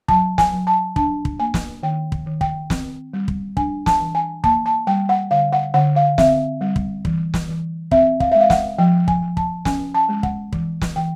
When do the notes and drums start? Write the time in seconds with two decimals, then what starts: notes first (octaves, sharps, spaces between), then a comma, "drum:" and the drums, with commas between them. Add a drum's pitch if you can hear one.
0.08 F#3 A5, drum: kick
0.38 G#5, drum: snare
0.52 F#3
0.67 A5
0.96 D4 A5, drum: kick
1.25 drum: kick
1.40 A#3 G#5
1.54 drum: snare
1.83 D#3 G5
2.12 drum: kick
2.26 D#3
2.41 G5, drum: kick
2.70 C4, drum: snare
3.14 G3
3.28 drum: kick
3.57 D4 G#5, drum: kick
3.86 A5, drum: snare
4.00 E3
4.15 G#5
4.44 A#3 A5, drum: kick
4.66 A5
4.87 G3 G5
5.09 F#5
5.31 D3 F5
5.53 F#5
5.74 D3 F#5
5.96 F5
6.18 C4 E5, drum: snare
6.61 G3
6.76 drum: kick
7.05 E3, drum: kick
7.34 drum: snare
7.48 E3
7.91 C4 E5, drum: kick
8.20 F5, drum: kick
8.32 G#3 E5
8.40 F5
8.50 F#5, drum: snare
8.78 F3 G5
9.08 G#5, drum: kick
9.22 F3
9.37 A5, drum: kick
9.65 C#4 G#5, drum: snare
9.94 A5
10.09 G#3
10.23 F#5, drum: kick
10.52 E3, drum: kick
10.82 drum: snare
10.96 E3 G5